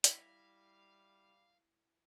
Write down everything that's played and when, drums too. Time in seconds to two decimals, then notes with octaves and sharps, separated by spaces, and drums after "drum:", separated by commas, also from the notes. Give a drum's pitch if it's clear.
0.04 G3 E4 F5 A#6 B6, drum: hi-hat